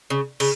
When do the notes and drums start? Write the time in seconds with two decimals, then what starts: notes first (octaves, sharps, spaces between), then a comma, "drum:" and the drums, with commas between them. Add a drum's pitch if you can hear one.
0.10 C#3
0.40 C#3, drum: cymbal